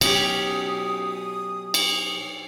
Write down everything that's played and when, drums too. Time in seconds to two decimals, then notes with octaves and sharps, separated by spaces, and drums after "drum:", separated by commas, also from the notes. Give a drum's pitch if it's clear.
0.01 B2 F#3 C#4 G4 D#6, drum: cymbal
1.74 drum: cymbal